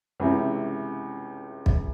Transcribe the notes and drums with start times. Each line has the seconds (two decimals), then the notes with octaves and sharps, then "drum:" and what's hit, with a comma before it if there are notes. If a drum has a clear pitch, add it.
0.20 C#2 C3 E3
1.66 drum: kick